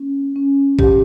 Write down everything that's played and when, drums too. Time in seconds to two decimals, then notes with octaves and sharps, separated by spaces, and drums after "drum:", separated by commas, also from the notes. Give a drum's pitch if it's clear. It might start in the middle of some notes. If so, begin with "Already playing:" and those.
Already playing: A#3 C#4
0.36 C#4
0.79 G#2 G4, drum: kick